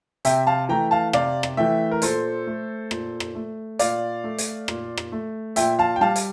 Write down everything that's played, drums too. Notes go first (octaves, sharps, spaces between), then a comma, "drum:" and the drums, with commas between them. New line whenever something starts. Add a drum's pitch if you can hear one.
C3 E5 G5, drum: hi-hat
F5 A5
E3 A3 G5 A#5
F5 A5
C3 D5 F5, drum: rim click
drum: rim click
E3 A3 E5 G5
A#4
A#2 A4 C5, drum: hi-hat
A3
A#2, drum: rim click
drum: rim click
A3
A#2 D5 F5, drum: hi-hat
A3
drum: hi-hat
A#2, drum: rim click
drum: rim click
A3
A#2 E5 G5, drum: hi-hat
F5 A5
G5
G3 F5 A5
drum: hi-hat